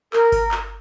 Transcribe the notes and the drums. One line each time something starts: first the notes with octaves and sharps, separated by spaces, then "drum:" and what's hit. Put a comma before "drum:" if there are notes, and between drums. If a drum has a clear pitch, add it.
A#4, drum: clap
drum: kick G1, open hi-hat
drum: clap